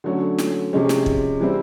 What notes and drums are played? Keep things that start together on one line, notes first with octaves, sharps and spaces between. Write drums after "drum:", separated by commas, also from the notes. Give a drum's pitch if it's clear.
D3 F#3 A3 C#4
drum: snare
C3 F3 G#3 C#4
drum: snare
drum: kick
E3 G3 C4 E4